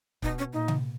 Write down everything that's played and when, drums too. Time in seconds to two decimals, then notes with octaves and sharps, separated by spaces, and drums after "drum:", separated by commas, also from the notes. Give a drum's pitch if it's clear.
0.22 B2 D#4, drum: kick C#1
0.38 C#4
0.53 A#2 D#4
0.68 drum: tom C3